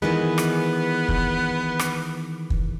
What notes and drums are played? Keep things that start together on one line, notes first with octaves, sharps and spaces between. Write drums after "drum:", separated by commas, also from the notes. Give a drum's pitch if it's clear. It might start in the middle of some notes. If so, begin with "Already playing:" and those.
D#3 E3 G#3 B3
drum: rim click
drum: kick
drum: rim click
drum: kick